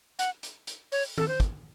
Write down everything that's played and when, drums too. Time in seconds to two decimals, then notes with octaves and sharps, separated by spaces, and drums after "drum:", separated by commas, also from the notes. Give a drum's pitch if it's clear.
0.19 F#5, drum: hi-hat
0.43 drum: hi-hat
0.67 drum: hi-hat
0.92 C#5, drum: open hi-hat
1.18 A4, drum: tom D#3
1.28 C5
1.40 drum: kick, hi-hat